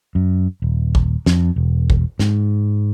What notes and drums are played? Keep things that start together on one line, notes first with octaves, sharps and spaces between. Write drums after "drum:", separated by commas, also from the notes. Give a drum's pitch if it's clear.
F#2
D#1
drum: kick
F2, drum: snare
E1
drum: kick
G#2, drum: snare